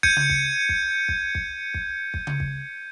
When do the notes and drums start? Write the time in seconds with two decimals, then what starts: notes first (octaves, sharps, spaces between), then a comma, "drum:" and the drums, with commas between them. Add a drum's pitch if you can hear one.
0.03 G6 G#6 C#7 D#7, drum: kick
0.16 drum: tom C#3
0.30 drum: kick
0.69 drum: kick
1.09 drum: kick
1.35 drum: kick
1.74 drum: kick
2.14 drum: kick
2.27 drum: tom C#3
2.40 drum: kick